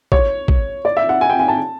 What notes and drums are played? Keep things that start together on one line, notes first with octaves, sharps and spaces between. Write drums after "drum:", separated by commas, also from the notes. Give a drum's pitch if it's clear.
C#5, drum: kick
drum: kick
D5
E5
F#5
G#5
G5
G#5
A5